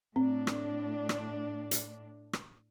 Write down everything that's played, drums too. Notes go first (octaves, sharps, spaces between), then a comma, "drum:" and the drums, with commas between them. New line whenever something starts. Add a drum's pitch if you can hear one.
A2 C4 D4
drum: rim click
drum: rim click
drum: hi-hat
drum: rim click